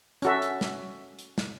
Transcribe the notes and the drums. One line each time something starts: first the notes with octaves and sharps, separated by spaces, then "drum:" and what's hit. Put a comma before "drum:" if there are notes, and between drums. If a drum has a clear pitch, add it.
C#4 F#4 A4 E5, drum: hi-hat
drum: hi-hat
drum: snare
drum: hi-hat
drum: snare